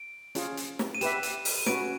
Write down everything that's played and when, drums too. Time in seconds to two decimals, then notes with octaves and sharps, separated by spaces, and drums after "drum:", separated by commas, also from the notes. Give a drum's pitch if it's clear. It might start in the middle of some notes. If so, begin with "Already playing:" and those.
Already playing: D7
0.35 C#4 F4 G#4, drum: hi-hat
0.57 drum: hi-hat
0.79 drum: snare
0.95 D#7
1.01 G4 B4 E5 E7, drum: hi-hat
1.23 D#7, drum: hi-hat
1.45 drum: open hi-hat
1.58 D#7
1.66 C#4 F#4 B4 D7, drum: snare